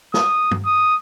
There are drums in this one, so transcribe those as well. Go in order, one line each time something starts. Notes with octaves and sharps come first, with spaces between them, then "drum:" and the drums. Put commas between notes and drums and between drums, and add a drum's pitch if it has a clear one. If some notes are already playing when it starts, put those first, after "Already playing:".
D#6, drum: snare
drum: tom
D#6